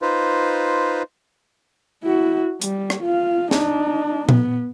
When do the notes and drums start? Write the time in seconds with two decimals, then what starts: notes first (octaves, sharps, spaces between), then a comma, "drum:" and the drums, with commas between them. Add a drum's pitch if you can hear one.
0.02 D#4 F4 B4 C5
2.03 E4 F#4
2.62 G3, drum: hi-hat
2.90 drum: rim click
3.02 F4 F5
3.51 D4 D#4, drum: snare
4.29 B3, drum: tom A#2